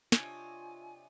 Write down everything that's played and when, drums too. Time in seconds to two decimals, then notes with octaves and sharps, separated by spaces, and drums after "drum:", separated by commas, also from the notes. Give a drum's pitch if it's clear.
0.12 C3 D4 F4 C#5 D#5 G#5, drum: snare